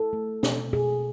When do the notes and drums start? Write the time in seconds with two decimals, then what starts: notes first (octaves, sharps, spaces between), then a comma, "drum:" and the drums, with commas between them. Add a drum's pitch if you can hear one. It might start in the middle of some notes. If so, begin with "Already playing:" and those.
Already playing: E4 A4
0.13 A3
0.43 B2, drum: snare
0.73 B2 G#4